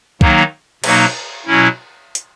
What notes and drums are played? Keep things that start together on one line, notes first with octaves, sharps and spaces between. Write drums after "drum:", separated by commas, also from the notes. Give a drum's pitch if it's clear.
D#3 F#3 A#3 D#4, drum: kick
B2 F#3 A#3 D#4, drum: cymbal
B2 F#3 C#4 E4
drum: hi-hat